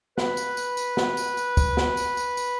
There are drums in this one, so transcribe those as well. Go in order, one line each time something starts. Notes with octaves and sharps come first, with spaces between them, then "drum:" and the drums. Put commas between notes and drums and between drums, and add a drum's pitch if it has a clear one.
B4, drum: snare
drum: tambourine
drum: tambourine
drum: tambourine
drum: snare
drum: tambourine
drum: tambourine
drum: kick, tambourine
drum: snare
drum: tambourine
drum: tambourine
drum: tambourine